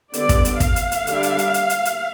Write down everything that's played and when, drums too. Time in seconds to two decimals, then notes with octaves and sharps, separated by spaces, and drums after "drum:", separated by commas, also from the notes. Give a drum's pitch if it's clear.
0.14 D3 G3 B3 D4 D5, drum: hi-hat
0.29 drum: kick, hi-hat
0.45 drum: hi-hat
0.60 F5, drum: kick, hi-hat
0.76 drum: hi-hat
0.92 drum: hi-hat
1.07 D3 G3 D4, drum: hi-hat
1.23 drum: hi-hat
1.38 drum: hi-hat
1.54 drum: hi-hat
1.70 drum: hi-hat
1.85 drum: hi-hat